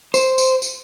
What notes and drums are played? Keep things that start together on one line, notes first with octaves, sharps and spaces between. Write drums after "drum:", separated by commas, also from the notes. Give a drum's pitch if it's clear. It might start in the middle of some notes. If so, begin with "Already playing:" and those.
C5, drum: tambourine
drum: tambourine
drum: tambourine